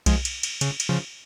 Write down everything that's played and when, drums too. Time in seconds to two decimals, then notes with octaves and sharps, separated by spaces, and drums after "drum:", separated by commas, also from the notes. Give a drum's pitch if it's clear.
0.06 F3 G#3, drum: kick B1, cymbal
0.25 drum: cymbal
0.43 drum: cymbal
0.61 C#3, drum: cymbal
0.80 drum: cymbal
0.89 C#3 F3